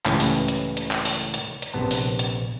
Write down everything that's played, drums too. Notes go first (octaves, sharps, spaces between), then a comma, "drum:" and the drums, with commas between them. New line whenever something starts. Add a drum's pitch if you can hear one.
C#2 A2 E3 C#4 G4 B4, drum: clap
drum: open hi-hat
drum: hi-hat
drum: hi-hat
drum: clap
drum: open hi-hat
drum: hi-hat
drum: hi-hat
A#1 C3 B3 A5
drum: open hi-hat
drum: hi-hat